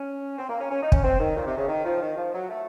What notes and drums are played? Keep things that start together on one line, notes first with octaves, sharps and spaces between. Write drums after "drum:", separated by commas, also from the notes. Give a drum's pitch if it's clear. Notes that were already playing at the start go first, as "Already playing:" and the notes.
Already playing: C#4
C4
A#3
C#4
C#4
D#4
C#4, drum: kick
C4
D#3
A#2
C3
C#3
D#3
F3
D#3
F3
F#3
A3